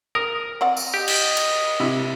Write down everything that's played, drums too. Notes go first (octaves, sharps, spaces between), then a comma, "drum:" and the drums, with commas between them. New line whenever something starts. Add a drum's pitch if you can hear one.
A#4 D#6
C4 D5 F#5
drum: tambourine
G4 D#5
drum: cymbal
drum: cymbal
C3 E4